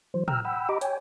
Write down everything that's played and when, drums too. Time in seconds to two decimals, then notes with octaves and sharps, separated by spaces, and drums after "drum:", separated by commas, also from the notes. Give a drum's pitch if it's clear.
0.14 E3 F#3 C5
0.28 G5 A#5 E6 F6, drum: tom
0.45 F#5 G5 B5 E6
0.69 G4 D#5 A#5 B5 D6
0.81 C#5 G5 G#5, drum: hi-hat